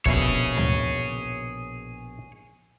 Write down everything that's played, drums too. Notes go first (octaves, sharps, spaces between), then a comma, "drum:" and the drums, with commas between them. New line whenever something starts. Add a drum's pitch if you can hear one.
A#1 B2 G#4 C#5 E5, drum: kick
drum: tom